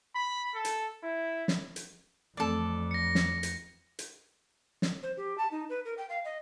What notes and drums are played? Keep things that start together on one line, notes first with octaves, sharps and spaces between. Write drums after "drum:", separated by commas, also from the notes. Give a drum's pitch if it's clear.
B5
A4
drum: hi-hat
E4
drum: snare
drum: hi-hat
F2 E3 A3 C4 A4 D5
A#6 C#7
drum: snare
drum: hi-hat
drum: hi-hat
drum: snare
C5
G4
A5
D#4
B4
A#4
G5
F5
D#5